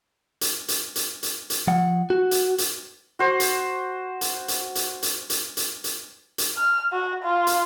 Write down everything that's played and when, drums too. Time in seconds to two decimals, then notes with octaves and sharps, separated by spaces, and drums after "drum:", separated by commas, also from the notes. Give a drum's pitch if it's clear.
0.41 drum: hi-hat
0.68 drum: hi-hat
0.96 drum: hi-hat
1.23 drum: hi-hat
1.50 drum: hi-hat
1.67 F3 F#5
2.10 F#4
2.31 drum: hi-hat
2.58 drum: hi-hat
3.19 F#4 C5
3.40 drum: hi-hat
4.21 drum: hi-hat
4.48 drum: hi-hat
4.75 drum: hi-hat
5.03 drum: hi-hat
5.30 drum: hi-hat
5.57 drum: hi-hat
5.84 drum: hi-hat
6.38 drum: hi-hat
6.56 F6
6.92 F#4
7.23 F4
7.47 drum: hi-hat